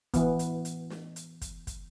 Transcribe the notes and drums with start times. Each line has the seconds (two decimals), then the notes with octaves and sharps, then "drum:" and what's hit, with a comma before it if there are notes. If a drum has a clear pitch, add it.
0.14 E3 B3, drum: kick, hi-hat
0.39 drum: hi-hat
0.65 drum: hi-hat
0.90 drum: snare
1.16 drum: hi-hat
1.42 drum: kick, hi-hat
1.67 drum: kick, hi-hat